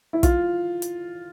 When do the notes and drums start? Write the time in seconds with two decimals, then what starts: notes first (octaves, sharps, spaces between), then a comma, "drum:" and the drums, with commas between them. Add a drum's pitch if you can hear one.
0.13 E4
0.23 F4, drum: kick, hi-hat
0.82 drum: hi-hat